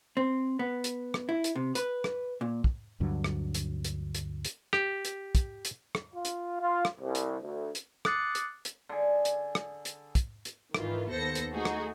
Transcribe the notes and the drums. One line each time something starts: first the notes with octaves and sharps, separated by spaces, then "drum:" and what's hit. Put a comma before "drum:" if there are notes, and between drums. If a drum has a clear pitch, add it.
C4
B3
drum: hi-hat
drum: rim click
E4
drum: hi-hat
C3
B4, drum: hi-hat
drum: rim click
A#2
drum: kick
D2 G2 D3 F#3
drum: rim click
drum: hi-hat
drum: hi-hat
drum: hi-hat
drum: hi-hat
G4, drum: rim click
drum: hi-hat
drum: kick, hi-hat
drum: hi-hat
drum: rim click
F4
drum: hi-hat
F4
drum: rim click
C2
drum: hi-hat
D2
drum: hi-hat
D6 D#6 F#6 A6 C7 C#7, drum: rim click
drum: hi-hat
drum: hi-hat
D3 G#4
drum: hi-hat
drum: rim click
drum: hi-hat
drum: kick, hi-hat
drum: hi-hat
G#1 D#3 E3 F4, drum: rim click
D#2 B3 A4 C5 A#6 C#7
drum: hi-hat
A3 D#4 F#4 G#4
drum: rim click